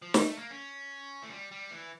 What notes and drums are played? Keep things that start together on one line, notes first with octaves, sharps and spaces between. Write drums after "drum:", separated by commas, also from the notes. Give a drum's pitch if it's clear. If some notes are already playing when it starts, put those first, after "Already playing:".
F3
G3, drum: snare
A3
A#3
C#4
A3
G3
G3
E3